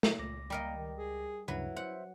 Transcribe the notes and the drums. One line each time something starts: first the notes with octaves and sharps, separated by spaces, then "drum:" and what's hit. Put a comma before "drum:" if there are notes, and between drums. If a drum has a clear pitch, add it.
drum: snare
C#2 A#2 D6 A#6
G3 A#3 A#4 D#5
D#3
G#4
D2 G2 C#3 F#3 E4 B4
C5 E5 F#5